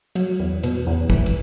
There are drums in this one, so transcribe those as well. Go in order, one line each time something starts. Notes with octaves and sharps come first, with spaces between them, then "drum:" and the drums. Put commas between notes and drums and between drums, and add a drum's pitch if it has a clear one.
F#3, drum: cymbal
E2
B2, drum: cymbal
E2
E3, drum: kick
drum: cymbal